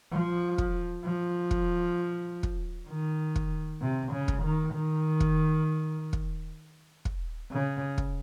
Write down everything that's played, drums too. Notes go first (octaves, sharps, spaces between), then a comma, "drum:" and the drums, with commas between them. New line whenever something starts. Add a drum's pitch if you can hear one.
F3
drum: kick
F3
drum: kick
drum: kick
D#3
drum: kick
C3
C#3
drum: kick
D#3
D#3
drum: kick
drum: kick
drum: kick
C#3
drum: kick